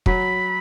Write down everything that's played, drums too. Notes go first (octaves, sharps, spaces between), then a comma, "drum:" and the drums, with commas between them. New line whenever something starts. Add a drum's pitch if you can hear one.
F#3 B5, drum: kick